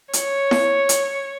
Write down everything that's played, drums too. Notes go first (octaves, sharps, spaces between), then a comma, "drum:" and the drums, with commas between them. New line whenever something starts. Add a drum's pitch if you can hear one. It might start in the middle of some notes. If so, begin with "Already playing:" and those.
C#5, drum: hi-hat
drum: snare E4
drum: hi-hat